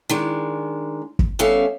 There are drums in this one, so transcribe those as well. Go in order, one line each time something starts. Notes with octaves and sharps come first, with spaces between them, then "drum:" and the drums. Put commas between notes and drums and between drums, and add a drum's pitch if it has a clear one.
D#3 G#3 D4
drum: kick
G3 B3 C#4 A4 E5 F5